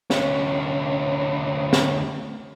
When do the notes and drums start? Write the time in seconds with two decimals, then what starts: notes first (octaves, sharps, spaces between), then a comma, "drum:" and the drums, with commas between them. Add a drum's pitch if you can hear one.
0.10 D2 C#4, drum: snare
1.73 drum: snare